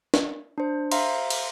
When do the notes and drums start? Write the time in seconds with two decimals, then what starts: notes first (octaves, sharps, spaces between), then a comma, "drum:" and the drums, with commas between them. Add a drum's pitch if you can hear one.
0.14 drum: snare
0.58 D4 C5
0.92 C5 E5 F5 A#5 C6, drum: cymbal
1.30 drum: cymbal